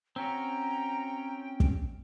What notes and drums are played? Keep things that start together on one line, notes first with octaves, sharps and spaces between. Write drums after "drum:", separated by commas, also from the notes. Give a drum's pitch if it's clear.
C4 C#4 F#4 G5 A#5
drum: kick